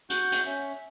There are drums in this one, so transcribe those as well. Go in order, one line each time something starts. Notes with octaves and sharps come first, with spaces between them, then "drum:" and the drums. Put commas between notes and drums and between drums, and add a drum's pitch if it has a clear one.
F#4 F#5 G6, drum: hi-hat
drum: hi-hat
C#4 E5